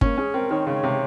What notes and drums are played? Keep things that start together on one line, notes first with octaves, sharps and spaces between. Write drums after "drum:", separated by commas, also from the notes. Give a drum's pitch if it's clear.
A#3 C#4, drum: kick G1
C#4 G#4
C4 A#4
D#3 C#5
C#3 C#5
C3